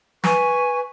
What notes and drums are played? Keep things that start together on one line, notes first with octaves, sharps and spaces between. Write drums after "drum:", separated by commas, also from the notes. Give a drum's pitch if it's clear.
B4 G#5 C#6, drum: snare